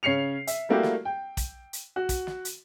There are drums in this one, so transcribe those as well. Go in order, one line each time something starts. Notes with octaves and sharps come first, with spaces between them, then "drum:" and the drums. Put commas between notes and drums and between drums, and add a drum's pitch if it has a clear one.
C#3 C#5 C7 C#7 F7
E5, drum: hi-hat
G3 A3 A#3 E4 F#4 G4
drum: snare
G5
drum: kick, hi-hat
drum: hi-hat
F#4
drum: kick, hi-hat
drum: snare
drum: hi-hat